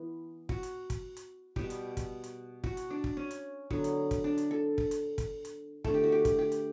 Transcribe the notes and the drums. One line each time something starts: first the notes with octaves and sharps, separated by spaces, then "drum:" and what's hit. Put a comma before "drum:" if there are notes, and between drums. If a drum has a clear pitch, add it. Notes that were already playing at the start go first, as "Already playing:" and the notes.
Already playing: E3 B3
F#4, drum: kick
drum: hi-hat
drum: kick, hi-hat
drum: hi-hat
B2 G3 B3 G4, drum: kick
drum: hi-hat
drum: kick, hi-hat
drum: hi-hat
F#4, drum: kick
drum: hi-hat
D4
drum: kick
C#4
drum: hi-hat
D3 F#3 B3, drum: kick
drum: hi-hat
drum: kick, hi-hat
D4
drum: hi-hat
A4
drum: kick
drum: hi-hat
drum: kick, hi-hat
drum: hi-hat
D3 A3 A4, drum: kick
G4
F#4
G4
drum: kick, hi-hat
G4
drum: hi-hat